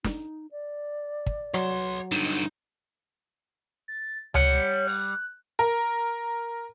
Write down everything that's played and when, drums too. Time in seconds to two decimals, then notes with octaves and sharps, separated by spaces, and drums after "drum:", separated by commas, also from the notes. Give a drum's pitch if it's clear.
0.04 D#4, drum: snare
0.51 D5
1.26 drum: kick
1.54 F#3 C#5 C6, drum: rim click
2.12 G2 D3 D#4
3.88 A6
4.34 G3 C#5 F#5, drum: tom C#2
4.87 F#6, drum: open hi-hat
5.59 A#4